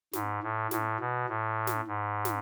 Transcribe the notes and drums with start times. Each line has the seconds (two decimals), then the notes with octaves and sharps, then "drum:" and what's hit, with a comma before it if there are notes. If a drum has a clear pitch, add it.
0.13 G#2, drum: snare
0.43 A2
0.71 A2, drum: snare
1.00 B2
1.29 A2
1.67 drum: snare
1.87 G#2
2.25 drum: snare